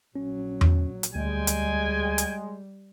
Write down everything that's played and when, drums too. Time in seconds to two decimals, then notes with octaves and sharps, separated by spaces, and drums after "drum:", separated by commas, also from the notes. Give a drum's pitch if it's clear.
0.16 A#1 F#3 C#4
0.61 drum: tom E2
1.03 drum: hi-hat
1.15 D2 G3 G#3 G5 G#5
1.47 drum: hi-hat
2.18 drum: hi-hat